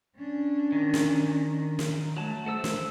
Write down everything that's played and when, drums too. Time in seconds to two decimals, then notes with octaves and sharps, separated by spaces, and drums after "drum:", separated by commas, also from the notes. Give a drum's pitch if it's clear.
0.16 C#4 D4
0.72 D#3
0.94 drum: snare
1.79 drum: snare
2.17 F#3 A3 A5
2.46 A4 C5 E6
2.64 drum: snare